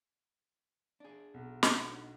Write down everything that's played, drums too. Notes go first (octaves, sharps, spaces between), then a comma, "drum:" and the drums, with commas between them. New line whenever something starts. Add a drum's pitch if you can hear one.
D4 G#4
B1
drum: snare
D4 D#4 F#4